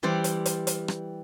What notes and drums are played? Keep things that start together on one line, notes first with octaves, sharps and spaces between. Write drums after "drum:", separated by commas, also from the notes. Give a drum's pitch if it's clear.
E3 G3 G4 C5 D5
drum: hi-hat
drum: hi-hat
drum: hi-hat
drum: rim click